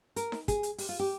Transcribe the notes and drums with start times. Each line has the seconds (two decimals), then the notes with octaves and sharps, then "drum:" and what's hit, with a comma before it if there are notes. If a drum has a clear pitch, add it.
0.16 A#4, drum: hi-hat
0.32 drum: snare D#4
0.48 G#4, drum: kick, hi-hat
0.63 drum: hi-hat
0.78 G4, drum: open hi-hat
0.89 F4
0.99 G4